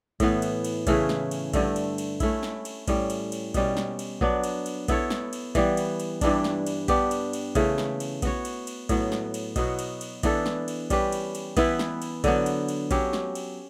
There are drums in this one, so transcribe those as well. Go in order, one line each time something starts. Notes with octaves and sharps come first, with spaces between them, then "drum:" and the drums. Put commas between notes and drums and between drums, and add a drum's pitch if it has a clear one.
A2 E3 B3, drum: kick A#1, cymbal
drum: cymbal
drum: cymbal
C#3 E3 A3 C#4, drum: kick A#1, cymbal
drum: snare
drum: cymbal
G2 D3 A3, drum: kick A#1, cymbal
drum: cymbal
drum: cymbal
A3 C#4 E4, drum: kick A#1, cymbal
drum: snare
drum: cymbal
A2 G3 C#4, drum: kick A#1, cymbal
drum: cymbal
drum: cymbal
B2 G3 C#4, drum: kick A#1, cymbal
drum: snare
drum: cymbal
F#3 B3 D4, drum: kick A#1
drum: cymbal
drum: cymbal
B3 E4 A4 C#5, drum: kick A#1, cymbal
drum: snare
drum: cymbal
E3 G3 B3, drum: kick A#1, cymbal
drum: cymbal
drum: cymbal
G2 E3 G3 D4, drum: kick A#1, cymbal
drum: snare
drum: cymbal
B3 D4 G4, drum: kick A#1, cymbal
drum: cymbal
drum: cymbal
C#3 E3 A3, drum: kick A#1, cymbal
drum: snare
drum: cymbal
B3 F#4 C#5, drum: kick A#1, cymbal
drum: cymbal
drum: cymbal
A2 F#3 B3, drum: kick A#1, cymbal
drum: snare
drum: cymbal
B2 F#3 B3 F#4, drum: kick A#1, cymbal
drum: cymbal
drum: cymbal
E3 B3 D4 A4, drum: kick A#1, cymbal
drum: snare
drum: cymbal
G3 C#4 G4 B4, drum: kick A#1, cymbal
drum: cymbal
drum: cymbal
E3 B3 E4 B4, drum: kick A#1, cymbal
drum: snare
drum: cymbal
D3 F#3 B3, drum: kick A#1, cymbal
drum: cymbal
drum: cymbal
F#3 C#4 G4, drum: kick A#1, cymbal
drum: snare
drum: cymbal